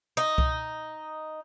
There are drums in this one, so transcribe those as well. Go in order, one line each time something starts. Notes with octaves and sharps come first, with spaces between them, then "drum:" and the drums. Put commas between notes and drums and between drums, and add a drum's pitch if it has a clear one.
D#4
drum: kick C2